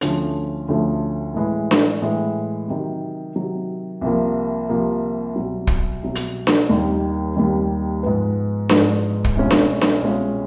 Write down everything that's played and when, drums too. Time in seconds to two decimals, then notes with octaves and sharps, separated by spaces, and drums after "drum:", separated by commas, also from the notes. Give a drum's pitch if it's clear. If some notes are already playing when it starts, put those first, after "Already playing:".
0.01 D2 D3 F3 A3 C#4, drum: hi-hat
0.69 D2 D3 F3 A3 C#4
1.34 A2 E3 G#3
1.71 drum: snare D4
2.02 A2 E3 G#3
2.68 C3 D#3 F#3
3.35 C3 D#3 F#3
4.01 C2 C3 F3 A#3
4.69 C2 C3 F3 A#3
5.36 C2 B2 F#3
5.67 drum: kick
6.03 C2 B2 F#3
6.15 drum: hi-hat
6.47 drum: snare D4
6.69 D#2 D#3 G3
7.36 D#2 D#3 G3
8.03 G#2 F3 G#3 B3
8.69 G#2 F3 G#3 B3, drum: snare D4
9.24 drum: kick
9.36 C2 B2 G#3 C#4 F4
9.51 drum: snare D4
9.81 drum: snare D4
10.02 C2 B2 G#3 C#4 F4